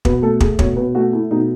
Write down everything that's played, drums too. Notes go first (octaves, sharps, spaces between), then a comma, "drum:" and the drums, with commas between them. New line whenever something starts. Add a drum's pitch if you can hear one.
B2 B4, drum: kick
A3 A4
A3 G#4, drum: kick
B2 C#5, drum: kick
B2 B4
A3 F#4
A3 E4
B2 D#4